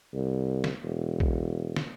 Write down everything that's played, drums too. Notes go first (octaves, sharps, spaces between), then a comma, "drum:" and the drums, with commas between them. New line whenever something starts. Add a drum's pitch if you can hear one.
C2
drum: snare
E1
drum: kick
drum: snare